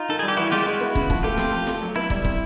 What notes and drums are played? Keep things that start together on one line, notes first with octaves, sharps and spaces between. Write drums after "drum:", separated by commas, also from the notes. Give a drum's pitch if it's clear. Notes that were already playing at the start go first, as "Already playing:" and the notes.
Already playing: D#4 F4
D#3 A4
G3 G#4
G4
E3 E4 F#4
G#3 F4 G4, drum: snare
G#3 E4 F#4
B3
C#3, drum: kick
F3, drum: kick
A3 F4 G4
C4, drum: snare
F3
A3, drum: snare
F#3
B3 E4
G3 E4, drum: kick
C4, drum: kick